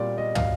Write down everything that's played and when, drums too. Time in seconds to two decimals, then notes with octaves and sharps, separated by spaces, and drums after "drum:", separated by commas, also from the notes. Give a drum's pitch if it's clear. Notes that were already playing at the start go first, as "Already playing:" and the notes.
Already playing: A#2 G3 C4 F4 D5
0.18 D#5
0.35 F5, drum: tom